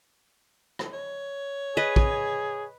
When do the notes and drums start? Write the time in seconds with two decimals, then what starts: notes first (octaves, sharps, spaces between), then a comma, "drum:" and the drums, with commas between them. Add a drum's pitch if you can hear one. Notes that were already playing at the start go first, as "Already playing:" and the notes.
0.79 drum: rim click
0.93 C#5
1.77 G#4 B4 D#5
1.96 drum: kick